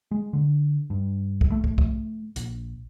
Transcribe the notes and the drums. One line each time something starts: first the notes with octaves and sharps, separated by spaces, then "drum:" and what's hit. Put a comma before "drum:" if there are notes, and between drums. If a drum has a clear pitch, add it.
G#3
D3
G2
drum: kick
A3
drum: kick
drum: kick
A#1, drum: hi-hat